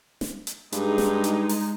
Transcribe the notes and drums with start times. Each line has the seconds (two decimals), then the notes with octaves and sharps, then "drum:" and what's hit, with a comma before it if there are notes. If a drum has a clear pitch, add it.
0.21 drum: snare
0.47 drum: hi-hat
0.72 G2 G#3 D#4, drum: hi-hat
0.98 drum: snare
1.24 drum: hi-hat
1.49 drum: open hi-hat